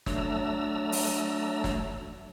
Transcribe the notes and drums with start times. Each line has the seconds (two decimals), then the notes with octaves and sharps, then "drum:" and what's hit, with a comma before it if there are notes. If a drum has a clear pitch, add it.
0.06 F#3 A3 D4 A#5 E6, drum: snare
0.92 drum: open hi-hat
1.64 drum: snare